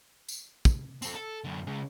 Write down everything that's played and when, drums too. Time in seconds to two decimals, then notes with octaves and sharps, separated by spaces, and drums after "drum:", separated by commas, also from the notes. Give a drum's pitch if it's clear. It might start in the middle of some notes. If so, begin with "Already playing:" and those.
0.28 drum: tambourine
0.65 drum: kick, tambourine
1.02 C4 A4, drum: tambourine
1.15 A4
1.44 F#2 D3
1.67 C#3 G#3